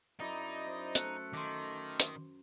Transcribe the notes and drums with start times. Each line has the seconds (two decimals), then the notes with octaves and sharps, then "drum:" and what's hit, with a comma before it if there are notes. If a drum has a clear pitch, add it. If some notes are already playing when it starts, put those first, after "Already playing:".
0.20 F#2 D#4 E4 D5 D#5
0.66 C5
0.95 A3 A4 F#6 C#7, drum: hi-hat
1.34 D#3 C6 D6
2.00 drum: hi-hat